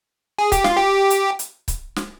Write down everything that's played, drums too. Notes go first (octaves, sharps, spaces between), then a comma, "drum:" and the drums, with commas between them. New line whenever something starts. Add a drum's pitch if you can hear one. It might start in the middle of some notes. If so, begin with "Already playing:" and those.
G#4
G4, drum: kick C#1, hi-hat
F4, drum: snare
G4
drum: hi-hat
drum: hi-hat
drum: kick C#1, hi-hat
drum: snare